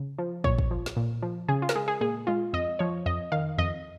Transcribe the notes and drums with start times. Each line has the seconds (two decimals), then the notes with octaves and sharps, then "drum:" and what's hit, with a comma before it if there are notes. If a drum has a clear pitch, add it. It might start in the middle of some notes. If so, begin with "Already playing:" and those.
Already playing: C#3
0.18 F3
0.44 A#2 C#5, drum: kick
0.59 drum: kick
0.71 F3
0.86 drum: snare
0.96 A#2
1.22 F3
1.48 C#3 G#4
1.62 F4
1.69 A#4, drum: snare
1.75 G#3 G#4
1.88 G#4
2.01 A#2 G#4
2.27 G#3 F4
2.53 F2 D#5
2.79 F3 C#5
3.06 F2 D#5
3.32 D#3 F5
3.58 F2 D#5